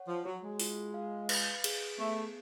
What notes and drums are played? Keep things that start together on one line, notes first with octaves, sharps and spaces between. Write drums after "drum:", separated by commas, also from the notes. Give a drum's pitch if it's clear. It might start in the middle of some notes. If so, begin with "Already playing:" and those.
Already playing: C#5 F#5
F3
F#3 F#4
G#3
F4, drum: open hi-hat
F5
B4, drum: cymbal
G#4, drum: cymbal
A3 B3